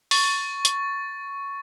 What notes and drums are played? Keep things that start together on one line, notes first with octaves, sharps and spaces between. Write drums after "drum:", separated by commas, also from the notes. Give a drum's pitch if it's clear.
C#6 A6, drum: open hi-hat
drum: hi-hat